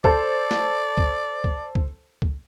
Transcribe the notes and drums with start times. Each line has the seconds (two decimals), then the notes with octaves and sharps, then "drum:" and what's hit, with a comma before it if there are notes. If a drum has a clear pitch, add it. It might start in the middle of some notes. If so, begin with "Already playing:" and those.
0.04 A4 C5 D5, drum: kick C#2
0.51 drum: snare
0.97 drum: kick C#2
1.44 drum: kick C#2
1.75 drum: kick C#2
2.22 drum: kick C#2